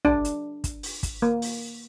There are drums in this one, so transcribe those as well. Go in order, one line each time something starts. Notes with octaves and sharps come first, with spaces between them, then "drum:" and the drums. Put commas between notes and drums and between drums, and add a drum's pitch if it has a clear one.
D4, drum: tom
drum: hi-hat
drum: kick, hi-hat
drum: open hi-hat
drum: kick, hi-hat
A#3
drum: open hi-hat